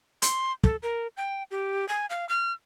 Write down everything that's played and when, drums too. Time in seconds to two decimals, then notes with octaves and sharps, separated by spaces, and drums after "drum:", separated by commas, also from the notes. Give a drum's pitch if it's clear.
0.22 C6, drum: hi-hat
0.64 A4, drum: kick
0.83 A#4
1.17 G5
1.51 G4
1.89 G#5
2.10 F5
2.29 F6